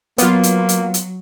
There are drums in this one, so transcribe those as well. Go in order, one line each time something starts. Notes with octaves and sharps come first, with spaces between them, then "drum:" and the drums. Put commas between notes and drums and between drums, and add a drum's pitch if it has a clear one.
F#3 A#3 B3 F4, drum: hi-hat
drum: hi-hat
drum: hi-hat
drum: hi-hat